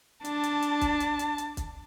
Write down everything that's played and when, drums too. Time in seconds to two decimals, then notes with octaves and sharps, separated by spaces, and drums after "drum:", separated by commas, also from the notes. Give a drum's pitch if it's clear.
0.25 D4 A5, drum: hi-hat
0.43 drum: hi-hat
0.62 drum: hi-hat
0.81 drum: kick, hi-hat
1.00 drum: hi-hat
1.19 drum: hi-hat
1.38 drum: hi-hat
1.57 drum: kick, hi-hat